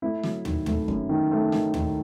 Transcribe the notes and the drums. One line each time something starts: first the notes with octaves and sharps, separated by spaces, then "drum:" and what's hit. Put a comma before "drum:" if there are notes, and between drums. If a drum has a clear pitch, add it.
A3 E4
F#3, drum: snare
D#3, drum: tom
A3, drum: tom
F#2, drum: kick F2
D#3
A3
D#3, drum: snare
D#3, drum: tom